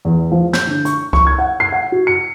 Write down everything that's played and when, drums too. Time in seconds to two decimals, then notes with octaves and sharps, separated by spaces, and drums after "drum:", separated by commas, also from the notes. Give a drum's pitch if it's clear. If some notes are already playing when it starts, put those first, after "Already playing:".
0.05 E2
0.32 F3
0.53 G6, drum: snare
0.67 D3
0.85 C#6, drum: hi-hat
1.13 C#6, drum: kick C#2
1.27 G#6
1.38 F#5
1.60 C7
1.72 F#5
1.92 F#4
2.07 C#7